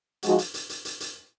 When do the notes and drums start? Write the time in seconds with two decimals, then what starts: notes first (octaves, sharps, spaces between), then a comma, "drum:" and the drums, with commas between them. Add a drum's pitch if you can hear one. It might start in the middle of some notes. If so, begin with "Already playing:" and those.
0.23 F3 G#3 D#4 F#4, drum: hi-hat
0.39 drum: hi-hat
0.54 drum: hi-hat
0.69 drum: hi-hat
0.85 drum: hi-hat
1.00 drum: hi-hat